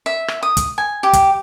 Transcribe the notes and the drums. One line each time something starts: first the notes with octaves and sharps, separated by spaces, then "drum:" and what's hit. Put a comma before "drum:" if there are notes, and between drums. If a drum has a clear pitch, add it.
E5
drum: rim click
D#6
drum: kick, hi-hat
G#5
G4
drum: kick, hi-hat